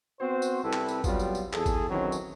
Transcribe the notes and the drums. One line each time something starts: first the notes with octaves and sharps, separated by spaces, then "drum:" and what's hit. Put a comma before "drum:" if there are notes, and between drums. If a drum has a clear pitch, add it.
B3 C4 F#4 C5
drum: tambourine
C2 C3 E4 G4 A4 B4
drum: clap
drum: tambourine
F#3 G3 B3 C4 F4, drum: kick, tambourine
drum: tambourine
drum: tambourine
E2 G#4 A4, drum: clap
drum: kick, tambourine
D#3 E3 F#3 C4 C#4
drum: tambourine